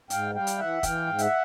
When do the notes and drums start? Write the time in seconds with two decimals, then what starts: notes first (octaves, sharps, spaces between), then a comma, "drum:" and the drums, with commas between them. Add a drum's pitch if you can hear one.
0.10 G#2 F5 G5, drum: hi-hat
0.34 G3 F5 G5
0.47 drum: hi-hat
0.58 E3 E5 F#5
0.83 E3 F5 G5, drum: kick, hi-hat
1.06 G#2
1.18 E5 F#5, drum: hi-hat